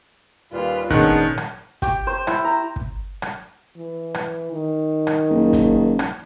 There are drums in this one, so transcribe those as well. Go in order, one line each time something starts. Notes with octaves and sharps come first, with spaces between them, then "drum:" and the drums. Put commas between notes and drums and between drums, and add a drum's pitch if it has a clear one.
D#2 A#2 G3 F4 B4
A#2 D#3 G#3 B3 C#4 D4 F#6, drum: kick, hi-hat
drum: rim click
G4, drum: kick, hi-hat
C5
E4, drum: rim click
A#5
drum: kick
drum: rim click
E3
drum: rim click
D#3
drum: rim click
F#1
drum: kick, hi-hat
drum: rim click